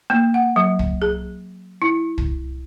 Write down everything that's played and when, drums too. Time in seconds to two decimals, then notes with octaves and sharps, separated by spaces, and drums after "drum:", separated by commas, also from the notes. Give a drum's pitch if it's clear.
0.10 A#3
0.34 F#5
0.56 F#3
0.79 drum: kick
1.02 G#4
1.82 E4
2.18 drum: kick